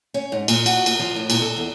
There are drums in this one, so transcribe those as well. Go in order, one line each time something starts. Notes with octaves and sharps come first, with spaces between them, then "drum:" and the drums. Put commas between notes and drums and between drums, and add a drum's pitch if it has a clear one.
C#4
G#2
A#2, drum: cymbal
F#4, drum: cymbal
A#2, drum: cymbal
F3
A2
A#2, drum: cymbal
A4
E2